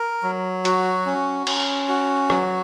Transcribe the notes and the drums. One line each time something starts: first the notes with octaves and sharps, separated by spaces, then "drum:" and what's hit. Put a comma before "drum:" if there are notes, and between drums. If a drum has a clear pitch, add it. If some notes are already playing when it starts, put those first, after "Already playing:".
Already playing: A#4
F#3
F#4, drum: hi-hat
C#4
C#4, drum: cymbal
F#4
F#3, drum: rim click